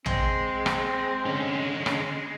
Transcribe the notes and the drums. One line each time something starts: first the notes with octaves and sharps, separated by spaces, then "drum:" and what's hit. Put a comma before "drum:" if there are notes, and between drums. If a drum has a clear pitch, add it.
G#3 C4, drum: tom
drum: rim click
D3 C#4
drum: rim click